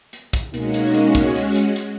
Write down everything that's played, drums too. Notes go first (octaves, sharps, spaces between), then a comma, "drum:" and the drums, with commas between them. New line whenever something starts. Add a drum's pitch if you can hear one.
drum: hi-hat
drum: kick, hi-hat
B2 G#3 A#3 C#4 D#4 F#4, drum: hi-hat
drum: hi-hat
drum: hi-hat
drum: kick, hi-hat
drum: hi-hat
drum: hi-hat
drum: hi-hat